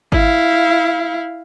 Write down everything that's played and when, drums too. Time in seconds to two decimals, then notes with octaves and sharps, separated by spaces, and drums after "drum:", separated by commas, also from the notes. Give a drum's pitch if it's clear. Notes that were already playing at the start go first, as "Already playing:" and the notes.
0.12 E4 F5, drum: kick G#1